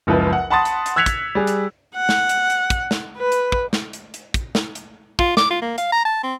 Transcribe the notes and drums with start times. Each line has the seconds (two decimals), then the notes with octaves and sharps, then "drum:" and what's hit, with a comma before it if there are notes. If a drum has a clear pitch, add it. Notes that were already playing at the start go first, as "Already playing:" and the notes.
0.07 F#1 C#2 F3 B4
0.33 F#5
0.50 F#5 A5 B5 C6 D#6 A6
0.65 drum: hi-hat
0.86 drum: hi-hat
0.96 E6 F#6 G#6 B6 C#7 F7
1.06 drum: kick, hi-hat
1.35 G3 G#4
1.47 drum: hi-hat
1.96 F#5
2.09 drum: snare
2.29 drum: hi-hat
2.50 drum: hi-hat
2.70 drum: kick, hi-hat
2.91 drum: snare
3.17 B4
3.32 drum: hi-hat
3.52 drum: kick
3.73 drum: snare
3.93 drum: hi-hat
4.14 drum: hi-hat
4.34 drum: kick, hi-hat
4.55 drum: snare
4.75 drum: hi-hat
5.19 F4, drum: kick
5.37 D6, drum: snare
5.50 F4
5.62 A#3
5.78 F5, drum: hi-hat
5.92 A#5
6.05 A5
6.23 C4